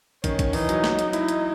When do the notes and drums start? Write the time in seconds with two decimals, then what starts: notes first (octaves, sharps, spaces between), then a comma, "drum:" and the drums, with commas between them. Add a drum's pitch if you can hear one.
0.24 D#3 C#4, drum: kick, hi-hat
0.39 drum: kick, hi-hat
0.53 E3 D#4, drum: open hi-hat
0.69 F#3, drum: hi-hat
0.84 drum: snare
0.99 drum: hi-hat
1.13 D#4 E4, drum: hi-hat
1.29 drum: hi-hat